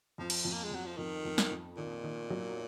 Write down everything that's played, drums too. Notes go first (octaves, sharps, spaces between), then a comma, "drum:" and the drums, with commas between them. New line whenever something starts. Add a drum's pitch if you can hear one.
F2 F3
drum: cymbal
F2
A#3
G#3
F2 F#3
F3
F2 D#3
F2
drum: snare
F2
A#2 D#3
D#3
F#3